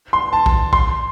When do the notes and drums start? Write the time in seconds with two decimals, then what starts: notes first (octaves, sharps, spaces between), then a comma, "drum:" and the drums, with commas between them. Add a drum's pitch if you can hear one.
0.13 C6
0.33 A5
0.46 drum: kick A#1
0.73 C6, drum: kick A#1